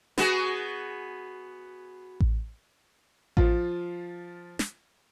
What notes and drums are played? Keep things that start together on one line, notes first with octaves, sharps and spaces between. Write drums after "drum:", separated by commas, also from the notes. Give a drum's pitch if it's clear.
B3 F#4 G#4, drum: snare
drum: kick A1
F3 F4, drum: kick A1
drum: snare